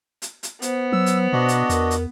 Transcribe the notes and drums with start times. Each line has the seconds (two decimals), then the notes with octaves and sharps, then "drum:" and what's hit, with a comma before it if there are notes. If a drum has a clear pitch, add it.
0.22 drum: hi-hat
0.43 drum: hi-hat
0.62 B3 C5, drum: hi-hat
0.93 F#3 E6
1.06 drum: hi-hat
1.33 B2 D4 F#4 D#5
1.48 drum: hi-hat
1.70 E2 A#4, drum: hi-hat
1.91 drum: hi-hat